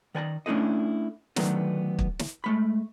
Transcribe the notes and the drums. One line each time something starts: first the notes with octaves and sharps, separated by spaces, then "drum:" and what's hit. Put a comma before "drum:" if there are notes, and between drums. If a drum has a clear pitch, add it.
D#3 D5 G#5 A#5
A3 C#4 D4 E4 A4 D#5
D3 D#3 F#3 A3 B3 D4, drum: snare
drum: kick
drum: snare
G#3 A3 B5